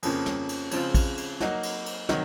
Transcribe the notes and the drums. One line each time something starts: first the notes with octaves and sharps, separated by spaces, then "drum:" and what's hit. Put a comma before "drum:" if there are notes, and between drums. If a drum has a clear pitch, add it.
F2 C#3 F3 A#3 C#4, drum: cymbal
drum: snare
drum: cymbal
C#3 F3 G#3 C4 F4, drum: cymbal
drum: kick, cymbal
drum: cymbal
F#3 A#3 D#4 F#4, drum: snare
drum: cymbal
drum: cymbal
C3 D#3 F#3, drum: snare